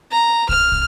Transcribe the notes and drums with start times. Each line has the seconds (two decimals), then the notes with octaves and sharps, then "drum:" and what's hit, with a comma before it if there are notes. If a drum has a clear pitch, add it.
0.11 A#5
0.49 F6, drum: kick
0.72 drum: kick